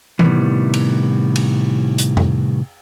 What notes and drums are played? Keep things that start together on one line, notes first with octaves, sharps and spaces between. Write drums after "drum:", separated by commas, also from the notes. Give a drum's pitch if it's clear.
A2 C3 D#3 G3 B3 E4, drum: tom E3
drum: cymbal
drum: cymbal
drum: hi-hat
drum: tom F2